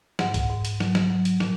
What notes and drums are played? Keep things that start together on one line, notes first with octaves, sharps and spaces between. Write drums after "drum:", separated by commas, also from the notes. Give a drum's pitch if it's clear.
G#2 F#5, drum: snare
drum: kick C2, hi-hat
G#2
drum: hi-hat
F#3, drum: snare
drum: snare
F#3
drum: hi-hat
A#2, drum: snare